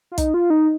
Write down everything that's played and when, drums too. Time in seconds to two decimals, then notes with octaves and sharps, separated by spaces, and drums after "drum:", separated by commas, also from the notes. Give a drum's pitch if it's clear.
0.12 F4
0.18 D#4, drum: kick, hi-hat
0.34 F4
0.50 D#4